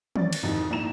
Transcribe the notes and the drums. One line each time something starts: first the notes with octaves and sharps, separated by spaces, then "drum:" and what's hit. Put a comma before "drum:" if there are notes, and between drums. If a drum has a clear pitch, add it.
C#4 D5 A6, drum: tom
drum: cymbal
G#1 F2 C3 E3 D#4
A#1 G#2 E4 A#5 E7 F7